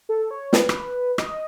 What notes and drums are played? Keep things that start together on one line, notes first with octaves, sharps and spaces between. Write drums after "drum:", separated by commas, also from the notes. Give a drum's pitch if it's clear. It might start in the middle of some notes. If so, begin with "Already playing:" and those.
A4
C#5
B4, drum: snare
drum: rim click
D#5, drum: rim click